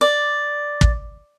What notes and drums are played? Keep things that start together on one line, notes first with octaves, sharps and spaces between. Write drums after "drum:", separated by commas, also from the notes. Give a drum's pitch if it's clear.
D5
drum: kick